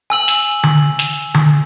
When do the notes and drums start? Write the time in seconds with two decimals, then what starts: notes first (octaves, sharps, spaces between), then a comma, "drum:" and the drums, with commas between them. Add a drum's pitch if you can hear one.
0.10 G#5 E6 F#7
0.28 drum: snare
0.63 drum: tom D3
0.99 drum: snare
1.34 drum: tom D3